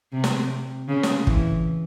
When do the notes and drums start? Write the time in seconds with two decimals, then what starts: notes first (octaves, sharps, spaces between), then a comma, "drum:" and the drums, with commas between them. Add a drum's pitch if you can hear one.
0.13 C3
0.24 drum: snare
0.88 C#3
1.03 drum: snare
1.27 E3, drum: kick